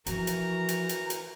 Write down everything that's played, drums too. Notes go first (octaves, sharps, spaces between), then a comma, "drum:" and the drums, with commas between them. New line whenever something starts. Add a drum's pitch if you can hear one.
E3 F3 F#4 A#4 A#5, drum: hi-hat
drum: hi-hat
drum: hi-hat
drum: hi-hat
drum: hi-hat